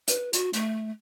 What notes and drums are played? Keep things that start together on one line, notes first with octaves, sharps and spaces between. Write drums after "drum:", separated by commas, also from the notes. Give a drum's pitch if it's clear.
B4, drum: hi-hat
F#4, drum: hi-hat
A3, drum: hi-hat